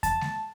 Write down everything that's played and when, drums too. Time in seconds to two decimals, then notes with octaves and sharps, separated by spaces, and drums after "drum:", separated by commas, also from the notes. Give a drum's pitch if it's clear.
0.03 A5, drum: kick E2, hi-hat
0.21 drum: snare G#3